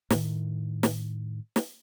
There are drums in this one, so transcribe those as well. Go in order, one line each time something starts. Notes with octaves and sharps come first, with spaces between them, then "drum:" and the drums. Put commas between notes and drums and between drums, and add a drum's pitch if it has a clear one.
A2 D#3, drum: snare
drum: snare
drum: snare